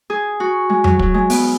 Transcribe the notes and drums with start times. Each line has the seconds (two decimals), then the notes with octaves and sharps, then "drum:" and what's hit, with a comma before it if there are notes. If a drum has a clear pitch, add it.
0.10 G#4
0.40 F#4
0.69 G#3
0.84 F#3, drum: tom F2
0.99 F#3, drum: kick
1.14 G#3
1.30 B3, drum: open hi-hat